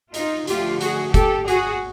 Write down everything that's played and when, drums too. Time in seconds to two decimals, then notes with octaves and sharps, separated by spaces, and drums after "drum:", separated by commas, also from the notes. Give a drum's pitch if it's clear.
0.14 D#4 F4, drum: hi-hat
0.47 D2 D3 F3 A3 F4 G4, drum: hi-hat
0.81 F#4 G#4, drum: hi-hat
1.14 G4 A4, drum: kick, hi-hat
1.48 F#4 G#4, drum: hi-hat